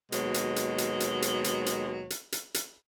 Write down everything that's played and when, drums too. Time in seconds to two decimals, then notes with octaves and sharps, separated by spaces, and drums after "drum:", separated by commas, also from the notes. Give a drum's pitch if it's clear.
0.12 D#2 B2 F#3 G#3, drum: hi-hat
0.34 drum: hi-hat
0.56 drum: hi-hat
0.78 drum: hi-hat
1.00 drum: hi-hat
1.22 drum: hi-hat
1.44 drum: hi-hat
1.66 drum: hi-hat
2.10 drum: hi-hat
2.32 drum: hi-hat
2.54 drum: hi-hat